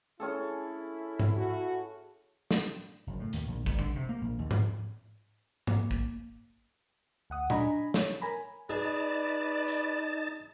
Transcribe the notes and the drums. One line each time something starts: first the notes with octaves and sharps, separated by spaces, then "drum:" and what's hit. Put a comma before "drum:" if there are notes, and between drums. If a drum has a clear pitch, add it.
C#4 E4 G#4 A4
drum: tom G#2
F#4
drum: snare
F#1
A2
D#2, drum: hi-hat
A#1
G1, drum: kick
D3, drum: kick
C3
A#3
A#1
D#2
A2, drum: tom G#2
A#3, drum: tom G#2
drum: kick
D2 F#5 D#6
D4 D#5 G#5 A#5 B5, drum: tom A#2
C#5, drum: snare
A#4 G#5 A#5 B5
D#4 G#4 B4 D5 A5
drum: hi-hat